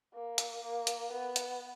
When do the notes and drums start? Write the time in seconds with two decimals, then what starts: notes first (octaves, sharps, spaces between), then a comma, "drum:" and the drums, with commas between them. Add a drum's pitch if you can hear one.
0.13 A#3
0.38 drum: hi-hat
0.63 A#3
0.87 drum: hi-hat
1.12 B3
1.36 drum: hi-hat